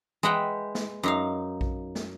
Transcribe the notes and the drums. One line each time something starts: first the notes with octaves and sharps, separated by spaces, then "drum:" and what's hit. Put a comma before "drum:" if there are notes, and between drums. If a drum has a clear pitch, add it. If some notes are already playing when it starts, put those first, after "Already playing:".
G#3 B4 D#5 E5 F#5 G5, drum: tom E3
drum: snare
F#2 D#4 F5
drum: kick A#1
drum: snare